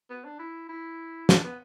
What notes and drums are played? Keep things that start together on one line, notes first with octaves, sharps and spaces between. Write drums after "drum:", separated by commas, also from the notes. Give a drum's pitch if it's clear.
B3
D4
E4
E4
D4, drum: snare
B3